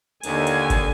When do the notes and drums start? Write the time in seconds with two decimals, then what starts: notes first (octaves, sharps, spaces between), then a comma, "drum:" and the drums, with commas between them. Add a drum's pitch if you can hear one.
0.23 D#2 D3 G#5, drum: cymbal
0.47 drum: cymbal
0.70 drum: kick G#1, cymbal